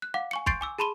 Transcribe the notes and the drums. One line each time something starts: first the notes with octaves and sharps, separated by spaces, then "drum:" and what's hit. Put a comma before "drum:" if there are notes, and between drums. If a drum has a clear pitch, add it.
F#6
F5 F#5 D6
G#5 C#6 C#7
C6 C#6 G6 A6 C7 D7, drum: kick
G#5 D6 E6
G#4 A5 B5 C6 D#7 G7